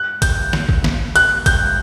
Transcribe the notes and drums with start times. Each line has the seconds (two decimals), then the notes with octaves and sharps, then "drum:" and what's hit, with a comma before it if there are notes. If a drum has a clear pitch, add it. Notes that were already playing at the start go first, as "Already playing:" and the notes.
Already playing: F#6
0.22 G6, drum: kick G#1, hi-hat
0.53 drum: snare
0.69 drum: kick G#1
0.84 drum: snare
1.16 F#6, drum: hi-hat
1.46 G6, drum: kick G#1, hi-hat